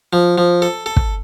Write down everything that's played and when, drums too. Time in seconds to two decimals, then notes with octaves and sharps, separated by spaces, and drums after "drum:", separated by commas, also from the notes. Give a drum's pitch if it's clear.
0.13 F3
0.38 F3
0.62 A4
0.86 A4
0.96 drum: kick